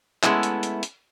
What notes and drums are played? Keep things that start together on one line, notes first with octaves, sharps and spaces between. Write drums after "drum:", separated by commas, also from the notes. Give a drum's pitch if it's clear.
G#3 A3 B3 C#4 E4, drum: clap
drum: hi-hat
drum: hi-hat
drum: hi-hat